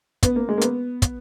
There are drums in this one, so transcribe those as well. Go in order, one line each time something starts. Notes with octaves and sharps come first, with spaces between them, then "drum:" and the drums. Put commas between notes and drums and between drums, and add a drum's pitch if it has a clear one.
B3, drum: kick, hi-hat
A#3
G#3
A#3
B3, drum: hi-hat
drum: kick, hi-hat